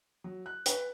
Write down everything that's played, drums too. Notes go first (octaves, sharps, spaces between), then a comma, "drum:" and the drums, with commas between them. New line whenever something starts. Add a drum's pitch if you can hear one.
F#3
F#6
B4, drum: hi-hat